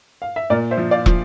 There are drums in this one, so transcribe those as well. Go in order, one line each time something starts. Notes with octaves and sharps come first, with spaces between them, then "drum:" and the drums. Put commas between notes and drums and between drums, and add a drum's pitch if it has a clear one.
F5
E5
A#2 A#4 D5
C5 E5
F3
D5 F5
F3, drum: kick